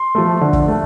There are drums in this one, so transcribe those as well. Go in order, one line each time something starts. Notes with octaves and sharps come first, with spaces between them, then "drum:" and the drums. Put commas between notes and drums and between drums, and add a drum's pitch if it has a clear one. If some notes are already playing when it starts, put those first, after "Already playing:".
Already playing: C6
F3 A3
D3
drum: kick
A3